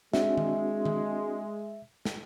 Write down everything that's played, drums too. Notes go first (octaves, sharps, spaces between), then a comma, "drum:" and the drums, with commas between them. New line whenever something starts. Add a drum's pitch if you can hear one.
G#3 C4 D4 F#4 E5, drum: snare
drum: tom D#3
drum: tom D#3
drum: snare